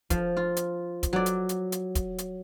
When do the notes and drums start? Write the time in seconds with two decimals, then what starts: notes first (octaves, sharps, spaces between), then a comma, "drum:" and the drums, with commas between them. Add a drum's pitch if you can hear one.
0.10 F3, drum: kick, hi-hat
0.37 F4
0.57 drum: hi-hat
1.03 drum: kick, hi-hat
1.13 F#3 D5
1.26 drum: hi-hat
1.49 drum: hi-hat
1.72 drum: hi-hat
1.95 drum: kick, hi-hat
2.18 drum: hi-hat